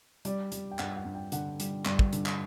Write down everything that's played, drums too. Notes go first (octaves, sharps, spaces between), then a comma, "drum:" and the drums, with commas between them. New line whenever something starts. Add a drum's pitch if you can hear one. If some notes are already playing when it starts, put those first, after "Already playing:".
G3 D5, drum: hi-hat
G3, drum: hi-hat
G5
G2 F#5, drum: clap
F#5
G2
G5
D3 F#5, drum: hi-hat
G3, drum: hi-hat
G2 D5, drum: clap
drum: kick
D3, drum: hi-hat
drum: clap